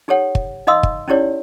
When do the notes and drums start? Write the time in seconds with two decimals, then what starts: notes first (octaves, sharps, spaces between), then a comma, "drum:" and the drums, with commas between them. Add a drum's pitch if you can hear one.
0.08 D#4 G4 A4 C#5 F#5
0.35 drum: kick
0.67 D#4 D#5 F5 C6 D#6 E6
0.83 drum: kick
1.08 C#4 D#4 E4 G4 C#5 D5